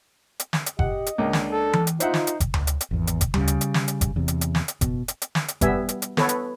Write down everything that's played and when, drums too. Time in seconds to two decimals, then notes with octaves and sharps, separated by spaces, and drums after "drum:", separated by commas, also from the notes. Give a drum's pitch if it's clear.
0.40 drum: hi-hat
0.53 drum: snare
0.66 drum: hi-hat
0.79 G4 D#5 F#5, drum: kick F#1
1.06 drum: hi-hat
1.18 C#2 A#3 D4
1.33 drum: snare
1.52 A4
1.73 drum: tom E3
1.87 drum: hi-hat
2.00 D#4 F4 C5 E5 F#5, drum: hi-hat
2.14 drum: snare
2.27 drum: hi-hat
2.40 drum: kick F#1, hi-hat
2.54 drum: tom D2
2.67 drum: hi-hat
2.81 drum: hi-hat
2.91 G#1 E2
3.07 drum: hi-hat
3.21 drum: kick F#1, hi-hat
3.34 C#3 G3, drum: tom D2
3.48 drum: hi-hat
3.61 drum: hi-hat
3.74 drum: snare
3.88 drum: hi-hat
4.01 drum: kick F#1, hi-hat
4.16 E2 C3
4.28 drum: hi-hat
4.41 drum: hi-hat
4.55 drum: snare
4.68 drum: hi-hat
4.81 B2, drum: kick F#1, hi-hat
5.08 drum: hi-hat
5.22 drum: hi-hat
5.35 drum: snare
5.48 drum: hi-hat
5.61 G3 B3 E5 G#5, drum: kick F#1, hi-hat
5.89 drum: hi-hat
6.02 drum: hi-hat
6.17 B3 A4 B4 C#5, drum: snare
6.29 drum: hi-hat